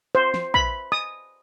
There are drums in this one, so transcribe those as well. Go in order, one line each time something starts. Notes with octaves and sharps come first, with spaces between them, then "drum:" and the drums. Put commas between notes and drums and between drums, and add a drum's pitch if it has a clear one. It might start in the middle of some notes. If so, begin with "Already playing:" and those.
C5
drum: snare
B5, drum: kick
D#6